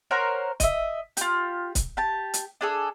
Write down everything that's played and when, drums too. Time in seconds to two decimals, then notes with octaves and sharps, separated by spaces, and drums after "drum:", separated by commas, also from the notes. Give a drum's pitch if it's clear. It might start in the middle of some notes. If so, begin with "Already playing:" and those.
0.11 A#4 C5 C#5 F#5
0.60 D#5 E5, drum: kick C#1, hi-hat
1.17 F4 G4, drum: hi-hat
1.75 drum: kick C#1, hi-hat
1.97 G4 A5
2.34 drum: hi-hat
2.61 D4 G#4 A4